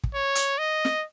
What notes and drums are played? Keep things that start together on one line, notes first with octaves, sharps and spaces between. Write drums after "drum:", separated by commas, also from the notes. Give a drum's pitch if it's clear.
drum: kick
C#5
drum: hi-hat
D#5
drum: snare